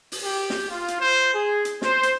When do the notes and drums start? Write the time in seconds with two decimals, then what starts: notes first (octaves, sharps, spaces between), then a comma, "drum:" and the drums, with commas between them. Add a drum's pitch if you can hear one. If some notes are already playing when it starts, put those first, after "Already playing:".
0.12 drum: open hi-hat
0.23 G4
0.50 drum: snare
0.69 F4
0.88 drum: hi-hat
0.99 C5
1.34 G#4
1.65 drum: hi-hat
1.82 C5, drum: snare
2.03 drum: hi-hat